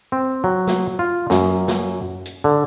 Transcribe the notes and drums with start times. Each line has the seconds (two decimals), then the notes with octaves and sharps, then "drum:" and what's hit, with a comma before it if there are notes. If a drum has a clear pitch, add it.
0.12 C4
0.44 F#3
0.67 drum: snare
0.99 F4
1.30 F#2, drum: snare
1.68 drum: snare
2.26 drum: hi-hat
2.44 D3